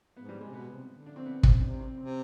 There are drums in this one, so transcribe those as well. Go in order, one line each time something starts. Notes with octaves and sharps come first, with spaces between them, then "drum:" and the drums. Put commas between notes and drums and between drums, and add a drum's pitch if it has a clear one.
G#2 B3
G3
G#3
C3
B2 B3
C3
D3
D4
C4
B3
C4, drum: kick
C3 D4
C4
C3 C4